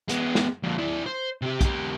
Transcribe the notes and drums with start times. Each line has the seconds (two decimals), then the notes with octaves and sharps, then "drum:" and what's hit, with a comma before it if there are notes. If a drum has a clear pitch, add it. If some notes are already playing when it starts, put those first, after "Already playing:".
0.09 G#3 B3, drum: hi-hat
0.35 drum: snare
0.64 F2 A#2
0.79 E4 D5
1.06 C5
1.42 C3 G4
1.61 E2 G4, drum: kick, hi-hat